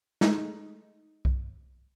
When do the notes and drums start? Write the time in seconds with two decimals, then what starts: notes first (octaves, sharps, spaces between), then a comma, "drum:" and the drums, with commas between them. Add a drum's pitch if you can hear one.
0.21 G#3 A3 D#4, drum: snare
1.25 drum: kick B1